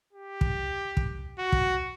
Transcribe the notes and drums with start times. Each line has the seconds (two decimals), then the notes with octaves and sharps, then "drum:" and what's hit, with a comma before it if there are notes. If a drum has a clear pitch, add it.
0.13 G4
0.41 drum: kick
0.97 drum: kick
1.39 F#4
1.52 drum: kick